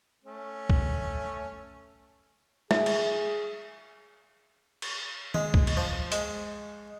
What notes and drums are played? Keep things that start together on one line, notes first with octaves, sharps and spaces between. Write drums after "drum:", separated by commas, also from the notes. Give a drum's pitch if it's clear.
A3 C#4
drum: kick C2
G#4 E5, drum: snare
drum: cymbal
drum: cymbal
G#3, drum: tom D#3
drum: kick C2
drum: cymbal
F3
G#3, drum: hi-hat